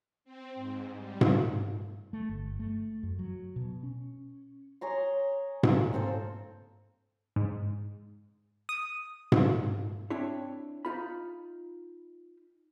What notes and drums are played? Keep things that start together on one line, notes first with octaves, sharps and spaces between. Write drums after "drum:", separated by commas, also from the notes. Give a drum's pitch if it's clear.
C4
G#2
G3
drum: tom G#2
A3
G1
A3
F#2
F#3
B2
C#4
G#4 C#5 A#5 C6
drum: tom G#2
A#3 C4 A4 C5
G#2
D#6
drum: tom G#2
C4 D4 E4 C#5
D#4 F4 B5